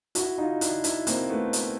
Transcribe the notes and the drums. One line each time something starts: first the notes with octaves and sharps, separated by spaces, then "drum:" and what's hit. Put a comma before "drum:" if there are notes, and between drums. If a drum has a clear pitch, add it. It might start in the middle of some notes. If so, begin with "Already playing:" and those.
E4 F#4, drum: hi-hat
D#4 F4
D4 E4, drum: hi-hat
D4 E4, drum: hi-hat
A#3 C4, drum: hi-hat
A3 B3
drum: hi-hat